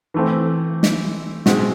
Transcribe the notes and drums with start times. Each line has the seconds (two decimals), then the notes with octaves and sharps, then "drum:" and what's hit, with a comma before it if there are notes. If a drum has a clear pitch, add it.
0.14 E3 A3 C4
0.83 drum: snare
1.46 B2 G#3 C4, drum: snare